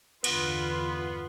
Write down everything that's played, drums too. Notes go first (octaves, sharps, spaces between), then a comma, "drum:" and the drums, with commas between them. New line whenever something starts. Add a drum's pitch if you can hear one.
E2 G2 D3 B3 F4 B4, drum: cymbal